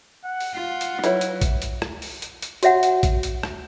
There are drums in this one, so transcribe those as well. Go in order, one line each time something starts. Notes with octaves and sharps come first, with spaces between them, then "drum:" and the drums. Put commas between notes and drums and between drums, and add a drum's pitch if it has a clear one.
F#5
drum: open hi-hat
F4 F#5
drum: hi-hat
F#3 E4 F4 B4 C#5, drum: hi-hat
drum: hi-hat
drum: kick A#1, hi-hat
drum: hi-hat
drum: rim click
drum: open hi-hat
drum: hi-hat
drum: hi-hat
F#4 C#5 E5 F#5, drum: hi-hat
drum: hi-hat
drum: kick A#1, hi-hat
drum: hi-hat
drum: rim click